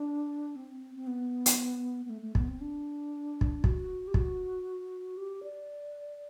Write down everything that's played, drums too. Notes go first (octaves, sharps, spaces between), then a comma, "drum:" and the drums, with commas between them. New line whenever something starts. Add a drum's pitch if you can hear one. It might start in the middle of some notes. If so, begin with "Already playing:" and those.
Already playing: D4
C4
C4
B3
drum: hi-hat
B3
A3
A3
B3, drum: kick
C4
D4
drum: kick
F#4, drum: kick
G4
F#4, drum: kick
G4
D5